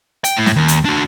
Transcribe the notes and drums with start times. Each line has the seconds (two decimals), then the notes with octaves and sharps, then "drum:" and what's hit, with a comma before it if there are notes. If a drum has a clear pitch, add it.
0.24 G5, drum: hi-hat
0.37 A2
0.46 drum: snare
0.56 D#2
0.68 drum: hi-hat
0.85 D4 F#4